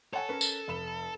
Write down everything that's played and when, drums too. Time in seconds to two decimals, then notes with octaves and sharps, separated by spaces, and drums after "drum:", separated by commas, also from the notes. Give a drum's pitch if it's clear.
0.13 A4 C#5 F#5 G#5
0.29 C#4 A#4 B4
0.41 drum: tambourine
0.68 F1 B5 E7